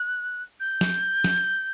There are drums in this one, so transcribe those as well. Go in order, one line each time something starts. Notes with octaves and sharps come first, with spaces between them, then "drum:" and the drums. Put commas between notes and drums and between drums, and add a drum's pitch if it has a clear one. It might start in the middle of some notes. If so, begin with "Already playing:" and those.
Already playing: F#6
G6
drum: snare
drum: snare